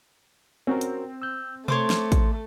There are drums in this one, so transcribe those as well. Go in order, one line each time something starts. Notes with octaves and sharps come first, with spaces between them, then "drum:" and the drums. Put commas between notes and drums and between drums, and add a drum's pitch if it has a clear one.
C4 C#4 F#4 A#4
drum: hi-hat
E6 G6
A3 C5 C#5 C6 D6, drum: tom B2
drum: snare
drum: kick, hi-hat